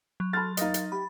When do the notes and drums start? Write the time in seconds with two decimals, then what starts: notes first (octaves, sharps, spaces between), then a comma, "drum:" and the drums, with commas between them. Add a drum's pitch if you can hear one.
0.20 F#3
0.33 A4 A5 B5 C6 F6 A6
0.57 D#4 A#4 D#5 F5, drum: hi-hat
0.74 drum: hi-hat
0.92 G4 E5 B5